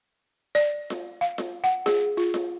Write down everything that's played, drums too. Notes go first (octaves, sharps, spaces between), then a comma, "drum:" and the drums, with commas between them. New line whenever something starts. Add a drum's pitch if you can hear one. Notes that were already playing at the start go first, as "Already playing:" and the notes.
D5
drum: snare F4
F5
drum: snare F4
F#5
G#4, drum: snare F4
F4
drum: snare F4